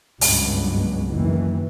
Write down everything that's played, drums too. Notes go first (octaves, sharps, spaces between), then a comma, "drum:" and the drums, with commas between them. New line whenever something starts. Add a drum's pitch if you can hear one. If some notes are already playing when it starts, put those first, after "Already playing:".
C#2 G2 F#3 G#3 B3, drum: open hi-hat
F#1 D#3 E3